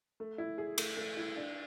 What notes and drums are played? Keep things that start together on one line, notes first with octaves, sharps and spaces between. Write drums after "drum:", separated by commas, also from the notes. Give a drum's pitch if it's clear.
A3
E4
G#4
A3, drum: cymbal
A3
E4
D4